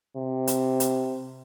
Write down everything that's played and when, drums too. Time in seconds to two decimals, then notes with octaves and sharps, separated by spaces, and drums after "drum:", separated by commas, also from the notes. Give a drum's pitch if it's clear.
0.16 C3
0.47 drum: hi-hat
0.80 drum: hi-hat